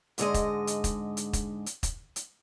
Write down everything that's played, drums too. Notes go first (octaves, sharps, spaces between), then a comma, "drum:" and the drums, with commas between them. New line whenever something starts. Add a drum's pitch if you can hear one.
G#2 D3 G#3 D#5, drum: hi-hat
drum: kick, hi-hat
drum: hi-hat
drum: kick, hi-hat
drum: hi-hat
drum: kick, hi-hat
drum: hi-hat
drum: kick, hi-hat
drum: hi-hat